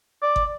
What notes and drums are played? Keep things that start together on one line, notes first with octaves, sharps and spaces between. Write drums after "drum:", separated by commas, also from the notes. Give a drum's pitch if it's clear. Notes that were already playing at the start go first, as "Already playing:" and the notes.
D5
drum: kick